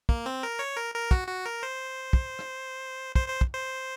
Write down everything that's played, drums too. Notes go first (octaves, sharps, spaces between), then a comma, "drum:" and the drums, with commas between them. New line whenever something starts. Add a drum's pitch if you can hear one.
A#3, drum: kick
C4
A#4
C#5
A#4
A#4
F#4, drum: kick
F#4
A#4
C5
drum: kick
drum: rim click
C5, drum: kick
C5
drum: kick
C5